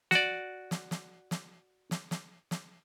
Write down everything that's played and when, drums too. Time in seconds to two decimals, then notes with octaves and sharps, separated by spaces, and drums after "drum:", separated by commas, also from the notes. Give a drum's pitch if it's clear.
0.11 F#4 D5, drum: snare
0.71 drum: snare
0.91 drum: snare
1.31 drum: snare
1.91 drum: snare
2.11 drum: snare
2.51 drum: snare